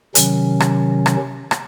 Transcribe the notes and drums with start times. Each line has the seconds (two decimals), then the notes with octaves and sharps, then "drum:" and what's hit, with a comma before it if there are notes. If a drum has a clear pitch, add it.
0.15 C3 D#3 F#3 C#4, drum: hi-hat
0.60 drum: rim click
1.06 drum: rim click
1.51 drum: rim click